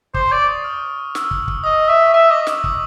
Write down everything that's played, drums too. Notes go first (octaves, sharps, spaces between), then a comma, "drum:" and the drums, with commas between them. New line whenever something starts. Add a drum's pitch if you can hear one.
C5 D6, drum: kick
D5 C#6
D#6
F6
E6, drum: snare
drum: kick
drum: kick
D#5 D#6
E5 C#6
E5 C#6
D#5 D6
E6, drum: snare
drum: kick